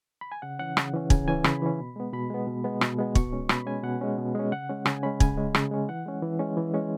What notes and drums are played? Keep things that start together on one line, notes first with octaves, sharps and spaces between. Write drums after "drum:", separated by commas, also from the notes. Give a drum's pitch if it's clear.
B5
G#5
C#3 F#5
E3 C#4 F#5
C#3, drum: rim click
E3 C#4
C#3 G#5, drum: kick
E3 C#4 G#5
C#3 B5, drum: rim click
E3 C#4
B2
G#3 B3
B2 B5
G#3 B3
B2
G#3 B3
B2, drum: rim click
G#3 B3
B2 C#6, drum: kick
G#3 C#4
B2 B5, drum: rim click
G#3 C#4 G#5
B2 F#5
G#3 C#4
B2
G#3 C#4
C#3 F#5
G#3 C#4
C#3 G#5, drum: rim click
G#3 C#4 B5
C#3 G#5, drum: kick
G#3 C#4
C#3, drum: rim click
G#3 C#4
E3 F#5
G#3 C#4
E3
G#3 C#4
E3
G#3 C#4